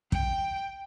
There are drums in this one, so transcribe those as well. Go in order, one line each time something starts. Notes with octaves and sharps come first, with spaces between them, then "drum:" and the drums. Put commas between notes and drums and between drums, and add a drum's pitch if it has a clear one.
G5, drum: kick